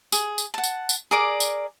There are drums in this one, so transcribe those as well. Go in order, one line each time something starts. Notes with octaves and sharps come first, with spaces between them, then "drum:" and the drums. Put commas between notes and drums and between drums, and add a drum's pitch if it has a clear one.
G#4, drum: tambourine
drum: tambourine
F#5 A5
drum: tambourine
drum: tambourine
G#4 A#4 D5 D6
drum: tambourine